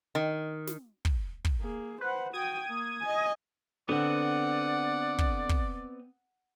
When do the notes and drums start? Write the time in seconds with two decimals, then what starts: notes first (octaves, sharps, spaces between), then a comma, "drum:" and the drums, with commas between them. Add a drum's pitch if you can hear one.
0.15 D#3
0.67 drum: snare
1.05 drum: kick
1.45 drum: kick
1.61 A#3 G#4
2.01 B4 C5 F#5
2.33 F#4 G5 D#6 G#6 D#7
2.69 A#3
3.01 D#5 G#5
3.89 D3 B3 C4 D5 F#5
5.18 drum: kick
5.49 drum: kick